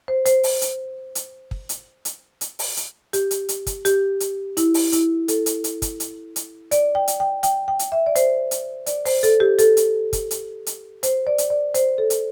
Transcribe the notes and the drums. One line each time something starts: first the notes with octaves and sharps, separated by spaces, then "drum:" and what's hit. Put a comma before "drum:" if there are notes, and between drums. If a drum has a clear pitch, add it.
C5
C5, drum: hi-hat
drum: open hi-hat
drum: hi-hat
drum: hi-hat
drum: kick
drum: hi-hat
drum: hi-hat
drum: hi-hat
drum: open hi-hat
drum: hi-hat
G4, drum: hi-hat
drum: hi-hat
drum: hi-hat
drum: kick, hi-hat
G4, drum: hi-hat
drum: hi-hat
E4, drum: hi-hat
drum: open hi-hat
E4, drum: hi-hat
A4, drum: hi-hat
drum: hi-hat
drum: hi-hat
drum: kick, hi-hat
drum: hi-hat
drum: hi-hat
D5, drum: hi-hat
G5
drum: hi-hat
G5
G5, drum: hi-hat
G5
drum: hi-hat
E5
D5
C5, drum: hi-hat
drum: hi-hat
D5, drum: hi-hat
C5, drum: open hi-hat
A4, drum: hi-hat
G4
A4, drum: hi-hat
drum: hi-hat
drum: kick, hi-hat
drum: hi-hat
drum: hi-hat
C5, drum: hi-hat
D5
drum: hi-hat
D5
C5, drum: hi-hat
A4
drum: hi-hat